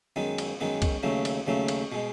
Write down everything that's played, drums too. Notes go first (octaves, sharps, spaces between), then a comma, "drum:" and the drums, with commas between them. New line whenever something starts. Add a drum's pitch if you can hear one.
F#2 D#3 G#3 B3
drum: cymbal
F#2 D#3 G#3 B3
drum: kick, cymbal
D#2 C#3 F#3 A3
drum: cymbal
D#2 C#3 F#3 A3
drum: cymbal
B2 G#3